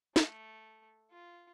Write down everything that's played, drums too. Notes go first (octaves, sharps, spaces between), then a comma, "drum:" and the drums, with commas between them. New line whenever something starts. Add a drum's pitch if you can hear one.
A3, drum: snare
F4